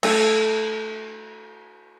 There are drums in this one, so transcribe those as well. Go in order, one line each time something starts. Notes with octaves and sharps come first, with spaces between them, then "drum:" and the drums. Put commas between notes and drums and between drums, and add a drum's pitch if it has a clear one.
A3 A4, drum: cymbal